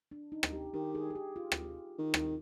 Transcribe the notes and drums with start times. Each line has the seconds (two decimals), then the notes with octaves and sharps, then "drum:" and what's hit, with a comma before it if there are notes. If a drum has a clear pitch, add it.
0.11 D4
0.32 D#4
0.43 drum: rim click
0.53 G4
0.74 D#3 G4
0.95 G#4
1.10 G#4
1.15 G4
1.36 F4
1.52 drum: rim click
1.98 D#3
2.14 drum: rim click